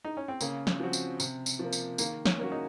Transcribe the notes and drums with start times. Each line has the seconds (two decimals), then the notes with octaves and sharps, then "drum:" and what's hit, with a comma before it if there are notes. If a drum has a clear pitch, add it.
0.05 D#4
0.17 C#4
0.28 C4
0.41 C#3 A#3, drum: tambourine
0.67 drum: snare
0.80 F3 C4 F#4
0.93 drum: tambourine
1.20 C3, drum: tambourine
1.46 drum: tambourine
1.59 F3 A#3
1.73 drum: tambourine
1.98 D#3 A#3, drum: tambourine
2.25 C#4, drum: snare
2.39 A#3 C#4 F#4
2.52 D#4